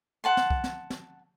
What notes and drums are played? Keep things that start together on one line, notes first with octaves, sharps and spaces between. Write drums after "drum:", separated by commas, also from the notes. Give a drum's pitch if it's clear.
F#5 A5 C6
drum: snare
drum: kick
drum: snare
drum: snare